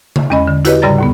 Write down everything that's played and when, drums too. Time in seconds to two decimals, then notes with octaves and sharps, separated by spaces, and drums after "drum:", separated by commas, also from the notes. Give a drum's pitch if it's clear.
0.16 drum: tom C#3
0.30 E2 G#3 C#4 D#5 B5
0.48 D3
0.65 E4 F#4 G4 B4 C#5 D#5, drum: hi-hat
0.82 G#2 C#3 G3 D5 A#5 A6
0.98 D#2 A2 B3